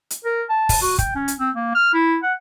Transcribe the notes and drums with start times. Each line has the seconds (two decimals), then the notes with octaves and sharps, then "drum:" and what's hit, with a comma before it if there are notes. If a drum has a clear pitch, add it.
0.10 drum: hi-hat
0.24 A#4
0.49 A5
0.69 drum: kick, open hi-hat
0.82 F#4
0.98 G5, drum: kick, hi-hat
1.15 C#4
1.28 drum: hi-hat
1.39 C4
1.55 A#3
1.75 F6
1.93 E4
2.23 F#5